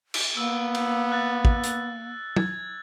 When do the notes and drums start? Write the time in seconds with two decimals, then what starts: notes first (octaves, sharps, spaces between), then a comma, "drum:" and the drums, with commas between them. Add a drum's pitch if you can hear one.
0.14 drum: cymbal
0.37 A#3 B3 E6
0.75 drum: cymbal
1.11 E6 F#6 A6
1.45 drum: kick
1.64 drum: hi-hat
2.36 G#6, drum: tom